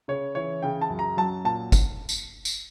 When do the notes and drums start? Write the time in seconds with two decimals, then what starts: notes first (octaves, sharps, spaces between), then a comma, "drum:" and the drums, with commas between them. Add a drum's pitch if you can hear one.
0.08 C#3 C#5
0.35 E3 C#5
0.62 C#3 G5
0.81 A5
0.90 F#2
0.99 A#5
1.17 F#3 A5
1.44 A#2 A5
1.72 drum: kick G1, tambourine
2.09 drum: tambourine
2.45 drum: tambourine